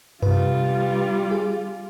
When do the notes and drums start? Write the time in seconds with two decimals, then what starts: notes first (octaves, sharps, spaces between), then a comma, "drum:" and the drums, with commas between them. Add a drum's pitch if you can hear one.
0.22 C3 G3 F4 B4, drum: tom F#2
1.31 G#4